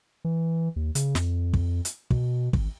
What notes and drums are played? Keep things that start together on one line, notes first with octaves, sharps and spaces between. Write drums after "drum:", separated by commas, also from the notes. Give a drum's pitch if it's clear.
E3
D#2
C#3, drum: hi-hat
F2, drum: snare
drum: kick
drum: hi-hat
B2, drum: kick
G#1, drum: kick